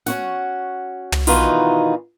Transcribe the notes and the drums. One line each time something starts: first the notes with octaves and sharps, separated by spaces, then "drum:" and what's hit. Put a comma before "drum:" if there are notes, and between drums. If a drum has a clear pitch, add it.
C#4 F#4 F#5, drum: snare
drum: tom
B2 D#3 E3 D#4 F4 F#4, drum: open hi-hat